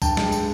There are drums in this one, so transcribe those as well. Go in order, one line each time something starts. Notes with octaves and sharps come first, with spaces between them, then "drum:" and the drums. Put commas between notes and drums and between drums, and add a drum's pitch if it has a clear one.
G2 G5 A5, drum: kick, tambourine
G#3, drum: snare
drum: tambourine